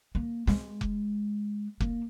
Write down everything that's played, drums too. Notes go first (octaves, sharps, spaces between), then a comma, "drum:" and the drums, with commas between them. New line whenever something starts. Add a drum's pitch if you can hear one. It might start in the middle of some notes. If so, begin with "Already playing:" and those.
A#3
G#3, drum: snare
drum: kick F1
A#3, drum: kick F1